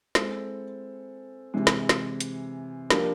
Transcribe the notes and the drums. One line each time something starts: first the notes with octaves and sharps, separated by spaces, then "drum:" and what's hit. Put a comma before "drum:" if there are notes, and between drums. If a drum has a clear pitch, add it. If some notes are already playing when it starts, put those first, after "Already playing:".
G#3 C4 E4 A4, drum: snare
C3 E3 G#3
drum: snare
drum: snare
drum: hi-hat
F3 A#3 D4 G4 A#4, drum: snare